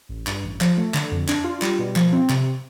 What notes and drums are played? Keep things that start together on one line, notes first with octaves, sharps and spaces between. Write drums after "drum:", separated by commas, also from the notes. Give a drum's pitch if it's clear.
A1
G2, drum: clap
A1
F3, drum: clap
A3
D3, drum: clap
F2
D4, drum: clap
F4
G3, drum: clap
B2
F3, drum: clap
C4
C3, drum: clap